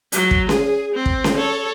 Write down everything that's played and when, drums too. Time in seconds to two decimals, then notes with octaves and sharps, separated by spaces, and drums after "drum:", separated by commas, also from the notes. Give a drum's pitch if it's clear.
0.12 F#3, drum: hi-hat
0.31 drum: kick
0.49 G#4, drum: snare C#4
0.94 C4
1.06 drum: kick
1.24 drum: snare C#4
1.36 A4 C#5